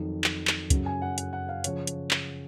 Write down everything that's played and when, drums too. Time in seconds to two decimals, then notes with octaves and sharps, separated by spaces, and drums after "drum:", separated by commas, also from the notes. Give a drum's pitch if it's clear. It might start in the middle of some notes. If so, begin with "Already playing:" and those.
Already playing: F2 D#3 F#3
0.24 drum: clap
0.47 drum: clap
0.70 F#2 C#3 F#3, drum: kick, hi-hat
0.86 G#5
1.02 F#5
1.18 F#5, drum: hi-hat
1.33 F#5
1.49 F5
1.64 C#3 F3 C#5, drum: hi-hat
1.87 drum: hi-hat
2.11 drum: clap